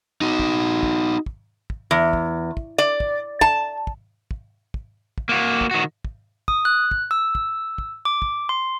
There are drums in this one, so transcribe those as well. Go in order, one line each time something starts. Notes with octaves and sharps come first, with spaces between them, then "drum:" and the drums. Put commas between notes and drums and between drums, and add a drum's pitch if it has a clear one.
D#4 F#4
drum: kick
drum: kick
drum: kick
drum: kick
E2
drum: kick
drum: kick
D5
drum: kick
A5, drum: kick
drum: kick
drum: kick
drum: kick
drum: kick
A#3 F#4
drum: kick
D#3 F#4
drum: kick
D#6, drum: kick
F#6
drum: kick
E6
drum: kick
drum: kick
D6
drum: kick
C6